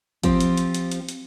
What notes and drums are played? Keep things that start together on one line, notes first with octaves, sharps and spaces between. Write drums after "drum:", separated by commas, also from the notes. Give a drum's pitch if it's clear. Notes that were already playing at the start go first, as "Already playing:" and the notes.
F3 C4 F4 G4, drum: kick, hi-hat
drum: hi-hat
drum: hi-hat
drum: hi-hat
drum: hi-hat
drum: hi-hat